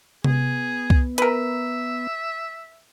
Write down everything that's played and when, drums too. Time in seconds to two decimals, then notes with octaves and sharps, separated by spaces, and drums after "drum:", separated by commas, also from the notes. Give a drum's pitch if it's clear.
0.24 B3 G#4, drum: tom C3
0.90 drum: kick C2
1.18 A#4 B4 E5, drum: hi-hat